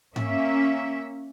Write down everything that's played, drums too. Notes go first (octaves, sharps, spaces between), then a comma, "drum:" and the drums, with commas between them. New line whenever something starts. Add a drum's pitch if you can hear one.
A#3 C#4 E5, drum: tom G#2